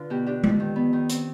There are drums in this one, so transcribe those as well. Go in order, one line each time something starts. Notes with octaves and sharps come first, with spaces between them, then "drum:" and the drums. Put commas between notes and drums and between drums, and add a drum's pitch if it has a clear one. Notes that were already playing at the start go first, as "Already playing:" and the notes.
Already playing: D3 D4 F4 B4
B2 G4
D4 G4
F2, drum: tom G#3
D#3
B3
D#3
C4, drum: hi-hat